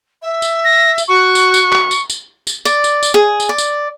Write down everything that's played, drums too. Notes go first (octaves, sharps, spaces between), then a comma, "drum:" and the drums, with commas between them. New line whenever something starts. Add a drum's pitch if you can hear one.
E5
drum: tambourine
A#6
drum: tambourine
F#4 C#6
drum: tambourine
drum: tambourine
drum: clap
drum: tambourine
drum: tambourine
drum: tambourine
D5, drum: tambourine
drum: tambourine
drum: tambourine
G#4
drum: tambourine
D5
drum: tambourine